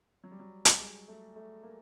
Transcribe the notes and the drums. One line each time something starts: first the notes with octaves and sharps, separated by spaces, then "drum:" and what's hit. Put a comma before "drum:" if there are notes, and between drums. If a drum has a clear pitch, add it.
F#3
G3
F#3
drum: hi-hat
G#3
A3
A3
A#3